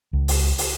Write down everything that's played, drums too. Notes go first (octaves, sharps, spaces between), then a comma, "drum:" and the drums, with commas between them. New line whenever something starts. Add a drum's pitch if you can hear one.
C#2
drum: open hi-hat
drum: open hi-hat